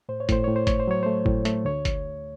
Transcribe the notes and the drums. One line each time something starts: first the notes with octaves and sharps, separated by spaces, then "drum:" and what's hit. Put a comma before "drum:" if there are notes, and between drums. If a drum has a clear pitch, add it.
A2 C5
C#5
A2 C5, drum: kick, hi-hat
A2 C#5
C5
A3 C#5, drum: kick, hi-hat
C5
F#3 C#5
A3 C5
A2, drum: kick
A3, drum: hi-hat
D2 C#5
drum: kick, hi-hat